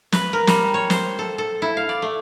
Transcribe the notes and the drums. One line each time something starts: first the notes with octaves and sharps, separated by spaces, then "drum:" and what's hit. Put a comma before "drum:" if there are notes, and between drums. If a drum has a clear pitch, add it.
B4, drum: snare
A#4
G3, drum: snare
C#5
C5, drum: snare
A4
A4
E4
F5
D5
A3